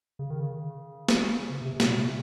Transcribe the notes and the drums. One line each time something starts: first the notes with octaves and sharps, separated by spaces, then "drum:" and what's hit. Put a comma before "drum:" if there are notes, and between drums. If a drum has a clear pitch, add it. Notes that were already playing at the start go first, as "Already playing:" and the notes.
C#3
D#3
C#3
drum: snare
C3
C3
A#2, drum: snare
C3